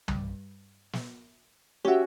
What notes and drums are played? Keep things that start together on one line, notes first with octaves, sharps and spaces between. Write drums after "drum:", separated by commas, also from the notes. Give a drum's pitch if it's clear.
G2, drum: tom
drum: snare
C#4 F#4 G4 E5